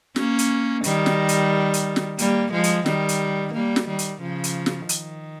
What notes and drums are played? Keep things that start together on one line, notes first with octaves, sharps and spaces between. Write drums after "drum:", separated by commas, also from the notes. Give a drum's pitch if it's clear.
A#3 C#4, drum: snare
drum: hi-hat
D#3 G3, drum: hi-hat
drum: snare
drum: hi-hat
drum: hi-hat
drum: snare
G3 A#3, drum: hi-hat
F3 G#3
drum: hi-hat
D#3 G3, drum: snare
drum: hi-hat
G3 A#3
drum: snare
D#3 G3
drum: hi-hat
C#3 F3
drum: hi-hat
drum: snare
D#3, drum: hi-hat